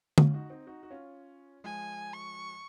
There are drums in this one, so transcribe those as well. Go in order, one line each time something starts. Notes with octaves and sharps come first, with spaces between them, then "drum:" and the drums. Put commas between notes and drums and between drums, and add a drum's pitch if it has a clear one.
C#4 F4, drum: tom D3
D#4 F#4
C4 D#4
D#4 F#4
F#4
C#4 F4
F3 G#3 G#5
C#6